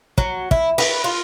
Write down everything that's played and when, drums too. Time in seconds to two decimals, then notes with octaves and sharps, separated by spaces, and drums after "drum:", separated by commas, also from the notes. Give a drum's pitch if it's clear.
0.18 F#3, drum: kick
0.51 E4, drum: kick
0.78 B4, drum: open hi-hat
1.04 F4